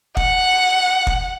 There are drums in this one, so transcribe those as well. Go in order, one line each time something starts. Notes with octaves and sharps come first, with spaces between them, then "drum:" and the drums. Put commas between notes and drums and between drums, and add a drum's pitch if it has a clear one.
F#5, drum: kick
drum: kick